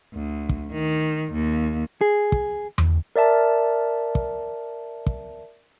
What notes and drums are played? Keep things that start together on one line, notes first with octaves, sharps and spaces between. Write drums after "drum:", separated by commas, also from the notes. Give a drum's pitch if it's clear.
D2
drum: kick
D#3
D#2
G#4
drum: kick
drum: tom E2
A#4 D5 E5 A5
drum: kick
drum: kick